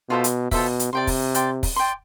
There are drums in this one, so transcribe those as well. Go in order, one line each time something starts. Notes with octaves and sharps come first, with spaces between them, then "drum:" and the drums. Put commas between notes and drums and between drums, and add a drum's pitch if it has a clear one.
B2 F4 A4 C5 E5
drum: hi-hat
B2 F4 A4 C5 E5, drum: kick, open hi-hat
drum: hi-hat
C3 D5 G5 C6
drum: kick, open hi-hat
D5 G5 C6, drum: hi-hat
drum: kick, open hi-hat
D5 G5 C6